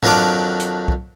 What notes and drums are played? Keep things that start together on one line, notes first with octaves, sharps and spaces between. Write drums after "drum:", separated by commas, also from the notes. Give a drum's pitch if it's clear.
F2 D#3 F#3 D4 F5 D6, drum: tom G#2
drum: hi-hat
drum: kick